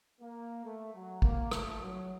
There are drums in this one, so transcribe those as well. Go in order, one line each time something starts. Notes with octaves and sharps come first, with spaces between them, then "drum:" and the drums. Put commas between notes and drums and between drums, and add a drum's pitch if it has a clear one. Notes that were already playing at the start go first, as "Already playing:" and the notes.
A#3
A3
F#3
A#3, drum: kick
A3, drum: rim click
F#3